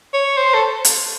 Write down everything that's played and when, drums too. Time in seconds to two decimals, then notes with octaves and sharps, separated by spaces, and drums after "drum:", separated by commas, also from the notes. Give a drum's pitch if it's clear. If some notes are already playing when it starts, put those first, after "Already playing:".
0.14 C#5
0.37 C5
0.54 A4
0.85 drum: hi-hat